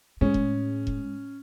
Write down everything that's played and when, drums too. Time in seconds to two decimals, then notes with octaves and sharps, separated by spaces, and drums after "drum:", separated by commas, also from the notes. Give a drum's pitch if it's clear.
0.21 A2 G#3 C#4
0.34 drum: kick E1
0.87 drum: kick E1